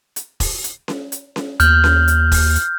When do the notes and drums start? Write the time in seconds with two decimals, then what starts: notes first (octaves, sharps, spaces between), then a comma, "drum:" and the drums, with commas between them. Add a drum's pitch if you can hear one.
0.16 drum: hi-hat
0.40 drum: kick E1, open hi-hat
0.64 drum: hi-hat
0.88 drum: snare C#4
1.12 drum: hi-hat
1.36 drum: snare C#4
1.60 D#2 F6 G6, drum: hi-hat
1.84 drum: snare C#4
2.08 drum: hi-hat
2.32 drum: kick E1, open hi-hat
2.55 drum: hi-hat